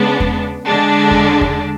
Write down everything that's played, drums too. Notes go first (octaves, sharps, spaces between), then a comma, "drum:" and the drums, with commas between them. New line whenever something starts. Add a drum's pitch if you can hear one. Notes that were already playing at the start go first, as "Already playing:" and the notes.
Already playing: C#3 G#3 B3 D4
drum: kick E2
D3 G#3 D4
drum: kick E2
drum: kick E2